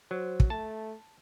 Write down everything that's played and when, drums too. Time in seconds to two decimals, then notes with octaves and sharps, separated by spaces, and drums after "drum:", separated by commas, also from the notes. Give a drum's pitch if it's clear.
0.11 F#3 C5
0.40 drum: kick
0.50 A3 A5